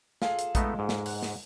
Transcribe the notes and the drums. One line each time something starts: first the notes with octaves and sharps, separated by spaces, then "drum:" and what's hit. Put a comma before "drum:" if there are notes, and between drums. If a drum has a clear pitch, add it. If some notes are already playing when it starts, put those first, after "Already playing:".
F4 G#4 A4, drum: snare
drum: hi-hat
G#3 A3 B3 D#4, drum: kick A#1, hi-hat
G#2
drum: snare
F#5, drum: open hi-hat
drum: snare